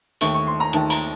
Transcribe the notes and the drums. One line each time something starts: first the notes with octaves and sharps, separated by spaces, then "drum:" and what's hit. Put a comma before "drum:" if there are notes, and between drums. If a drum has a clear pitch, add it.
D#2 D#3 A3 C#6, drum: open hi-hat
C#6
C6
A#5
D#2 D#3 A3 A5, drum: hi-hat
A#5, drum: open hi-hat